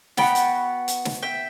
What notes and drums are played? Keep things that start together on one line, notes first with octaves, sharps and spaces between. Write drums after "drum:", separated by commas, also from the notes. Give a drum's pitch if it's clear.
B3 D4 F#4 G5 B5, drum: snare
drum: hi-hat
drum: hi-hat
drum: snare
E5 G5